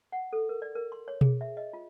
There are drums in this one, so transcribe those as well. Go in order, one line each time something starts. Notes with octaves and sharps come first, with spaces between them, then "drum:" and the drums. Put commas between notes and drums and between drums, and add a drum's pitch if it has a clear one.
F#5
A4
A#4
D5
A#4
C6
C#5
G#4, drum: tom B2
E5
D#5
F4